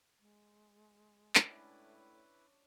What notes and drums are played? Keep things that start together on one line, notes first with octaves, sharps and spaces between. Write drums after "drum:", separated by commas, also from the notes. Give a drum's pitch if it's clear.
G#3
A2 C#4 D4 E4 B4, drum: clap